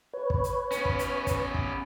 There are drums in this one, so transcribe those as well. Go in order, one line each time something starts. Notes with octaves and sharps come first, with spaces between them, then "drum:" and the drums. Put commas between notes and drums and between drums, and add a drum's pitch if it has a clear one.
B4 C#5
drum: kick
drum: hi-hat
B3 C#4, drum: hi-hat
drum: kick
drum: hi-hat
drum: kick, hi-hat
drum: kick